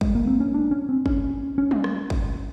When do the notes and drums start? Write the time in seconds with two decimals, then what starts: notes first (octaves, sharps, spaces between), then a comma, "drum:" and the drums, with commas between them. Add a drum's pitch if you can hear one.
0.01 G#3, drum: kick
0.15 A#3
0.27 C4
0.40 C#4
0.54 D4
0.71 C#4
0.89 C4
1.06 C#4, drum: kick
1.58 C#4
1.71 drum: tom
1.84 drum: rim click
2.10 drum: kick